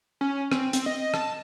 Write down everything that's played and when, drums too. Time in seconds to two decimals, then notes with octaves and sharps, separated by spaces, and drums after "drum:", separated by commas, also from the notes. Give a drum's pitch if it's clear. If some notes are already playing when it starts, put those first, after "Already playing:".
0.21 C#4
0.52 C4, drum: rim click
0.73 C4, drum: hi-hat
0.86 D#5
1.14 A5, drum: rim click